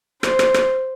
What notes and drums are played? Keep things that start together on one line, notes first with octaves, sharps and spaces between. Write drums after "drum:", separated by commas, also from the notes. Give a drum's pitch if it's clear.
C5, drum: rim click
drum: rim click
drum: rim click